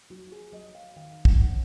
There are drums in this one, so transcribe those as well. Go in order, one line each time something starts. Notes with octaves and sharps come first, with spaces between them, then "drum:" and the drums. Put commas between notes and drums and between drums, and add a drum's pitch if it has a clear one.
F#3 F#4
G#4
F#3 D#5
F5
D#3 F5
F#5, drum: kick
C#4